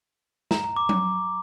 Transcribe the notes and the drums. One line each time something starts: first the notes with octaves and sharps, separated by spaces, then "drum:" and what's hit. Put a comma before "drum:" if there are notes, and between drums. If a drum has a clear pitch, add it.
A#5, drum: snare
A#5
D6
drum: tom F#3